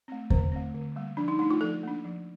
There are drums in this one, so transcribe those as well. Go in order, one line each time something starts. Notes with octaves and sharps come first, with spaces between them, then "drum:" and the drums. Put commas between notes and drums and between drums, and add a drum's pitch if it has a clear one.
A3 C4
D3 C5, drum: kick E2
A3 C4
D3
G3 A#3
F3 D4
D#4
A3 D4 D#4
F4
F3 A4
A#3 D4
F3